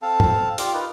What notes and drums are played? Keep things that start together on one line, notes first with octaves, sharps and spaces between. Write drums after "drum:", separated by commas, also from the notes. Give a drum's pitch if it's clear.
C4 A4 F5 A5
drum: tom
F4 G4 D5 F5, drum: hi-hat
D#4 F4 A#4 B4